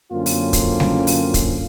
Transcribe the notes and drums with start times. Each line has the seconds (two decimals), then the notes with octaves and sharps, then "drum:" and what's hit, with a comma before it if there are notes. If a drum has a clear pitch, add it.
0.12 F#2 D3 A#3 C4 C#4 F4
0.26 drum: open hi-hat
0.53 drum: kick, hi-hat
0.80 drum: snare G3
1.07 drum: open hi-hat
1.34 drum: kick, hi-hat